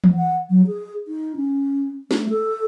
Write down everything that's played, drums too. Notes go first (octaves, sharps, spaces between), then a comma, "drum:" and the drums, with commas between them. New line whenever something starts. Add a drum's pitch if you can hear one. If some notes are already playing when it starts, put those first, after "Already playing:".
drum: tom E3
F#5
F#3
G#4
D#4
C#4
A3, drum: snare
A4